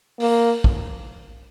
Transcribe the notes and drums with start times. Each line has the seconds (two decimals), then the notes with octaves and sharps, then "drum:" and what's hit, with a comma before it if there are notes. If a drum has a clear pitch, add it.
0.20 A#3, drum: open hi-hat
0.64 drum: kick